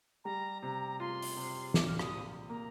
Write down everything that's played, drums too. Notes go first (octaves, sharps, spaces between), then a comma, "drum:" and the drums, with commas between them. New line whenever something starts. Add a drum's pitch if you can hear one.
G3 A#5
C3 A#5
F4 C6
drum: open hi-hat
C3
A#2 D6, drum: snare
F6
D#6, drum: rim click
A#2
A#3 A#5